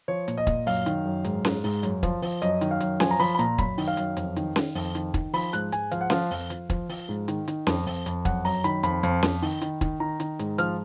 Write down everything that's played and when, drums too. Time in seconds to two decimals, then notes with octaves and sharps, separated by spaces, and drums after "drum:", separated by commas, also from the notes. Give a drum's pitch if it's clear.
0.08 F3 C#5
0.28 A#2, drum: hi-hat
0.38 D#5
0.47 A#2, drum: kick, hi-hat
0.66 F#2 F5, drum: open hi-hat
0.86 D#3, drum: hi-hat
1.06 F#2
1.25 G#2, drum: hi-hat
1.45 G#2, drum: snare C#4
1.64 G#2, drum: open hi-hat
1.83 F#2, drum: hi-hat
2.03 F3, drum: kick, hi-hat
2.22 F3, drum: open hi-hat
2.42 F#2 D#5, drum: hi-hat
2.61 D#3, drum: hi-hat
2.71 F5
2.81 F#2, drum: hi-hat
3.00 F3 G#5, drum: snare C#4
3.11 A#5
3.19 F3 B5, drum: open hi-hat
3.35 B5
3.39 A#2 A#5, drum: hi-hat
3.58 F#2 B5, drum: kick, hi-hat
3.78 D#3, drum: open hi-hat
3.88 F5
3.97 F#2, drum: hi-hat
4.17 F2, drum: hi-hat
4.36 D#3, drum: hi-hat
4.56 D#3, drum: snare C#4
4.75 F2, drum: open hi-hat
4.95 D#3, drum: hi-hat
5.14 D#3, drum: kick, hi-hat
5.33 F3 B5, drum: open hi-hat
5.53 G#2 F#6, drum: hi-hat
5.72 G#2 G#5, drum: hi-hat
5.91 F3 F5, drum: hi-hat
6.01 F#5
6.10 F3 F5, drum: snare C#4
6.31 F2, drum: open hi-hat
6.50 F3, drum: hi-hat
6.70 F3, drum: kick, hi-hat
6.89 F3, drum: open hi-hat
7.09 G#2
7.28 D#3, drum: hi-hat
7.48 D#3, drum: hi-hat
7.67 F2, drum: snare C#4
7.86 F2, drum: open hi-hat
8.06 F2, drum: hi-hat
8.25 F#2 F#5, drum: kick, hi-hat
8.45 F#2 A#5, drum: open hi-hat
8.64 D#3 B5, drum: hi-hat
8.83 F2 B5, drum: hi-hat
9.03 F2, drum: hi-hat
9.23 F2, drum: snare C#4
9.42 D#3, drum: open hi-hat
9.62 D#3, drum: hi-hat
9.81 D#3, drum: kick, hi-hat
10.00 D#3 A#5
10.20 D#3, drum: hi-hat
10.39 G#2, drum: hi-hat
10.58 F3 F6, drum: hi-hat